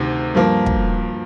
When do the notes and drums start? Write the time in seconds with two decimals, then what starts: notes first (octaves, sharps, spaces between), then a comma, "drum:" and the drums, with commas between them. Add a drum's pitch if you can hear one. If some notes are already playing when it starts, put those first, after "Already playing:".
Already playing: D2 C3 D#3
0.35 G2 F3 A#3
0.66 drum: kick